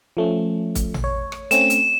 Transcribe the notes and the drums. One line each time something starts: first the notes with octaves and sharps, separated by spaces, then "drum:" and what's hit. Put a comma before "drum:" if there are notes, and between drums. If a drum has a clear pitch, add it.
F3 A3 C#4
drum: kick, hi-hat
drum: tom A1
C#5
drum: rim click
A3 C4 C#4 E7, drum: hi-hat
drum: hi-hat